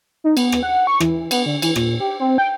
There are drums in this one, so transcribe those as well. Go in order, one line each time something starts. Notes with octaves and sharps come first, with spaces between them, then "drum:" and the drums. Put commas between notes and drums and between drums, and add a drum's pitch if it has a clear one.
D#4
B3, drum: cymbal
drum: rim click
F#5
C#6
E3, drum: rim click
B3, drum: cymbal
D3
E3, drum: cymbal
A#2, drum: rim click
G4
C4
G5